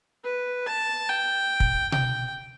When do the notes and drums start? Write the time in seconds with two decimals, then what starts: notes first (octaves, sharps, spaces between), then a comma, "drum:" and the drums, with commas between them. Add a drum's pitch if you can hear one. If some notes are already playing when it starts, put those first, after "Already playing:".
0.24 B4
0.66 A5
1.08 G5
1.60 drum: kick
1.92 G5, drum: tom B2